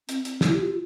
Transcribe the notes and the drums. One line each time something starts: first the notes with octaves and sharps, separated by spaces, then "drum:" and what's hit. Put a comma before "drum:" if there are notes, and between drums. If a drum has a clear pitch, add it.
C4, drum: hi-hat
drum: hi-hat
E4, drum: snare
G4
F4